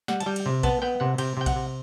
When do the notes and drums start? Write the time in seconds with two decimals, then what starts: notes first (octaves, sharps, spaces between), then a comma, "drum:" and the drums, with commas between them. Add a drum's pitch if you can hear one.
0.08 G3 F#5, drum: snare
0.20 A5, drum: cymbal
0.26 G3 G5
0.36 drum: cymbal
0.46 C3
0.63 B3 A5, drum: kick A#1, cymbal
0.82 B3 G5
1.00 C3 F#5
1.18 C3 G5, drum: cymbal
1.37 C3 G5
1.46 F#5, drum: kick A#1, cymbal
1.56 C3